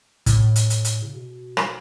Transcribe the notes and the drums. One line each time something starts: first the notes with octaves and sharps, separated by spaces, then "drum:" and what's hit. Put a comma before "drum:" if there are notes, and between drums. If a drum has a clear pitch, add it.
A2, drum: kick, hi-hat
drum: hi-hat
drum: hi-hat
drum: hi-hat
C#3
B2
drum: rim click